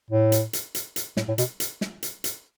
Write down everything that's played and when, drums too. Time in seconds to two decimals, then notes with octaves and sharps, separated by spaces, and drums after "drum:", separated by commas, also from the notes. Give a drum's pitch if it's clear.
0.10 A2
0.32 drum: hi-hat
0.53 drum: hi-hat
0.75 drum: hi-hat
0.96 drum: hi-hat
1.17 A2, drum: snare
1.28 A2
1.38 B2, drum: hi-hat
1.60 drum: hi-hat
1.81 drum: snare
2.03 drum: hi-hat
2.24 drum: hi-hat